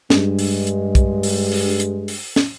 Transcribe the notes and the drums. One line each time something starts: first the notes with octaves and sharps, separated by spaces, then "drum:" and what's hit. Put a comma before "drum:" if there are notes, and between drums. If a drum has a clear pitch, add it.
G2 G#3, drum: snare
drum: open hi-hat
drum: hi-hat
drum: kick, hi-hat
drum: open hi-hat
drum: open hi-hat
drum: hi-hat
drum: open hi-hat
drum: snare